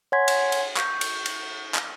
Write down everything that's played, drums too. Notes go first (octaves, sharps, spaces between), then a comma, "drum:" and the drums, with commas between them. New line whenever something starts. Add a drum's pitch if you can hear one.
C#5 F#5 G#5 C6 G#6 B6
drum: cymbal
drum: cymbal
C#6 G6, drum: clap
drum: cymbal
drum: cymbal
drum: clap